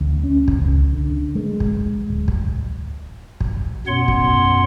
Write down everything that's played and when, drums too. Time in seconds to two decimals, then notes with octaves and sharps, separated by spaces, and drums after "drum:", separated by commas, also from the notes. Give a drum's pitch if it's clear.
0.01 D2
0.23 C#4
0.48 drum: kick
0.59 C#2
0.93 D3
1.35 G#3
1.60 drum: kick
2.10 D1
2.28 drum: kick
3.41 drum: kick
3.87 F#2 B2 B3 C#5 F#5 C6
4.08 drum: kick